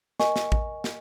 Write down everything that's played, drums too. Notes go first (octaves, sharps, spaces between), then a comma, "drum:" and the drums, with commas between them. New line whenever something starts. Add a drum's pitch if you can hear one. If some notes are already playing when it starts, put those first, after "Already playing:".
A#4 D#5 G#5 C#6, drum: snare
drum: snare
drum: kick
drum: snare